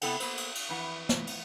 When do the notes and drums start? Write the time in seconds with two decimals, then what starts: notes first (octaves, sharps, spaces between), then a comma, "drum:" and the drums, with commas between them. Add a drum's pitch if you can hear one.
0.01 C3 B3 E4 A4 F#5 G5, drum: cymbal
0.20 A#3 B3 A4 C5, drum: cymbal
0.37 drum: cymbal
0.55 drum: cymbal
0.69 F2 E3 F#5
1.09 drum: snare
1.27 drum: cymbal